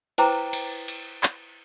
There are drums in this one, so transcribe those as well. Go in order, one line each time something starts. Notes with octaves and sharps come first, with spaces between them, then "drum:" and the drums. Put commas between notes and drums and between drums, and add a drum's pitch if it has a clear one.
E4 B4 C5 G5 A#5 D6, drum: cymbal
drum: cymbal
drum: cymbal
drum: clap